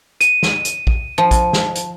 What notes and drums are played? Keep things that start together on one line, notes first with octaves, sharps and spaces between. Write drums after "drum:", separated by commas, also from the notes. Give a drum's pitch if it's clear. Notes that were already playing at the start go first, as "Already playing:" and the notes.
D#7, drum: hi-hat
drum: snare
drum: hi-hat
drum: kick
F3
drum: kick, hi-hat
drum: snare
drum: hi-hat